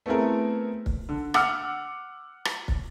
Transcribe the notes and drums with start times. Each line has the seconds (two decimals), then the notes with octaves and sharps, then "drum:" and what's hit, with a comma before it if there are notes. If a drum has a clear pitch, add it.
0.06 A3 B3 C4 E4 G#4 A#4
0.86 drum: kick
1.09 D3
1.34 F#5 D6 E6 F6 C#7, drum: rim click
2.45 drum: rim click
2.68 drum: kick